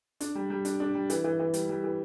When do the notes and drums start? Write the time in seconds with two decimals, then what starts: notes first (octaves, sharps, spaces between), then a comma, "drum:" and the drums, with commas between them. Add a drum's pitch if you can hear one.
0.21 D4, drum: hi-hat
0.35 G3
0.50 G3
0.65 D4, drum: hi-hat
0.80 D4
0.95 G3
1.10 E3, drum: hi-hat
1.24 E3
1.39 E3
1.54 G3, drum: hi-hat
1.69 G3
1.84 E3